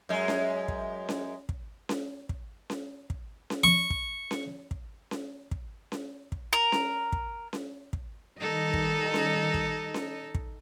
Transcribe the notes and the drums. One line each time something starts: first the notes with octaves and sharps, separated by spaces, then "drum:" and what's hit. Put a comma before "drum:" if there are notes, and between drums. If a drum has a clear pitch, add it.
F#2 G#3
drum: snare C#4
drum: kick
drum: snare C#4
drum: kick
drum: snare C#4
drum: kick
drum: snare C#4
drum: kick
drum: snare C#4
C#6
drum: kick
drum: snare C#4
drum: kick
drum: snare C#4
drum: kick
drum: snare C#4
drum: kick
A#4
drum: snare C#4
drum: kick
drum: snare C#4
drum: kick
D#3 G3 D#4 A4 D#5
drum: kick
drum: snare C#4
drum: kick
drum: snare C#4
drum: kick